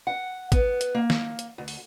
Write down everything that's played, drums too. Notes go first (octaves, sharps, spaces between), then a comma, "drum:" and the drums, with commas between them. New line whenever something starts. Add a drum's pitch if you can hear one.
F#5
B3, drum: kick, hi-hat
drum: hi-hat
A#3
drum: snare
drum: hi-hat
D2
drum: open hi-hat